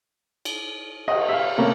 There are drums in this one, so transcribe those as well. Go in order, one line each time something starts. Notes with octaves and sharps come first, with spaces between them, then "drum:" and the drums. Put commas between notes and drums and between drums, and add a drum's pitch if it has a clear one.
drum: cymbal
D#5, drum: cymbal
E5 F5
C3 A3 A#3 C#4